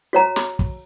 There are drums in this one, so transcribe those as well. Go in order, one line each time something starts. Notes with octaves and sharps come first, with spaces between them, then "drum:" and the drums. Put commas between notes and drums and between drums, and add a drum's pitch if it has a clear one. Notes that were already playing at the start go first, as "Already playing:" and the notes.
F#4 C#5 A#5
drum: snare
drum: kick